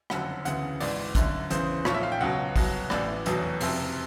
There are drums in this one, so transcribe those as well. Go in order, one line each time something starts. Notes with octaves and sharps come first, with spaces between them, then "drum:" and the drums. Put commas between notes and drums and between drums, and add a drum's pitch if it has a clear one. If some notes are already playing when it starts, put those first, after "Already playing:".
F#1 F2 D3 F#3 F#5, drum: rim click
D2 C#3 E3 F#5, drum: hi-hat
G#1 G#2 E3 D5, drum: open hi-hat
G1 F#2 D3, drum: kick, hi-hat
E2 C#3 E3 C5, drum: hi-hat
B1 A#2 F3 C#5, drum: rim click
E5
F5
G5
C#2 B2 F#3 F#5
C2 B2 F#3, drum: kick, open hi-hat
A1 A2 E3 D5, drum: rim click
F1 E2 B2 F#3, drum: hi-hat
F#1 F2 C3, drum: open hi-hat